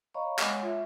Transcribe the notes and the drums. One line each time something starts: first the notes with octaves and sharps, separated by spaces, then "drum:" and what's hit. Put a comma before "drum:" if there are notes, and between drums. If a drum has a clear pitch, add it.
C#5 D#5 F5 A#5 B5 C#6
G#3 C#5 F#5 G#5, drum: clap
F4 E5